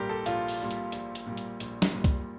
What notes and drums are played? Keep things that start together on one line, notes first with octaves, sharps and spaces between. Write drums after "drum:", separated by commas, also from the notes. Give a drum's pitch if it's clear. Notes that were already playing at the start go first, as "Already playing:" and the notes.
Already playing: A#1 A#2 G3 G4 A#4
A4
A#1 F4, drum: hi-hat
drum: open hi-hat
A#2 G3
drum: hi-hat
A#1, drum: hi-hat
drum: hi-hat
A#2 G3
drum: hi-hat
A#1, drum: hi-hat
drum: snare
A#2 G3
drum: kick C2, hi-hat